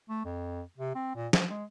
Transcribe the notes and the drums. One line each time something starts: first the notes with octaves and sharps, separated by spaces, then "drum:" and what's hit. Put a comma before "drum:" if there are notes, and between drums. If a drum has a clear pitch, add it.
A3
F2
C3
C4
A#2
F3, drum: snare
G#3